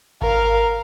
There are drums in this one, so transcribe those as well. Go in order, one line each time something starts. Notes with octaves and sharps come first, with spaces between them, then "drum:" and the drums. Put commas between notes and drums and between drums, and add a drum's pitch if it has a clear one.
A#4 F5, drum: kick G#1